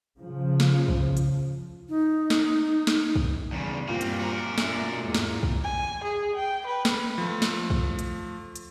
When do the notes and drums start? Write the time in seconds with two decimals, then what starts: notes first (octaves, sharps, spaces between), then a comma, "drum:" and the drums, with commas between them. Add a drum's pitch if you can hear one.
0.18 C#3 F3
0.60 drum: snare
0.88 drum: kick
1.17 drum: hi-hat
1.89 D#4
2.30 drum: snare
2.87 drum: snare
3.16 drum: kick
3.52 E2 G2 C#3 G3
3.88 A#2 A#3 C4
4.01 drum: hi-hat
4.19 F#4 A#4
4.58 B2 D4 E5, drum: snare
5.01 E2 G#2 A#3
5.15 drum: snare
5.43 drum: kick
5.64 G#5
6.04 G#4
6.36 G5
6.67 B4
6.85 drum: snare
7.18 F3 A3
7.42 drum: snare
7.70 drum: kick
7.99 drum: hi-hat
8.56 drum: hi-hat